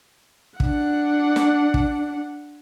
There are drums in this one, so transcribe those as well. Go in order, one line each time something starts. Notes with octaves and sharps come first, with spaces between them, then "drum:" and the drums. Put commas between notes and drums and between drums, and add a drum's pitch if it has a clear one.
D4 F#5, drum: kick
drum: snare
drum: kick